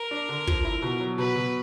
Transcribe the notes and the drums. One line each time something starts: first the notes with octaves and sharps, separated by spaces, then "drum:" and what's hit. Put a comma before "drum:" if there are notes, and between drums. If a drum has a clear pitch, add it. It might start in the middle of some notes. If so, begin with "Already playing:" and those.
Already playing: A#4
D4
D3
F3, drum: kick
E4
B2
F#3
B2 B4
B2